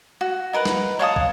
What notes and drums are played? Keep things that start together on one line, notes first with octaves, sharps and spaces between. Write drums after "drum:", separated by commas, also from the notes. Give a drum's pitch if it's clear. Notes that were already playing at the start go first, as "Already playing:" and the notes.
F#4
D#4 A#4 B4 F#5
drum: snare
C#5 F5 A5 D#6
drum: kick